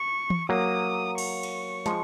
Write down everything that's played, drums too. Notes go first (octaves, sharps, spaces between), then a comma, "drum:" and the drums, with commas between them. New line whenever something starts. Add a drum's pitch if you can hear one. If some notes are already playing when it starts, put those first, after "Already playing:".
Already playing: C#6
drum: tom E3
F#3 A#3 D#6
C#6, drum: cymbal
drum: cymbal
F3 G#3, drum: snare